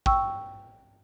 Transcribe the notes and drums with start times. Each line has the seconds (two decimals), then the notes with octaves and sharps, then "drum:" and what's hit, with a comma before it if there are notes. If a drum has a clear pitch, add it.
0.06 G5 C#6 E6, drum: kick